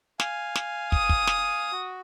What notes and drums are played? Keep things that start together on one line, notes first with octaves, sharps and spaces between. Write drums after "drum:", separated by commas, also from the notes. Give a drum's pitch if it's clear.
F5 G#5, drum: snare
drum: snare
D#6, drum: kick
drum: kick
drum: snare
F#4